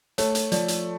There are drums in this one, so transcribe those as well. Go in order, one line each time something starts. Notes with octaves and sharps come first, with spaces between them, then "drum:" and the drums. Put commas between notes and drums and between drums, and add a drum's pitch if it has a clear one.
A3 C#5, drum: hi-hat
drum: hi-hat
F3 D5, drum: hi-hat
drum: hi-hat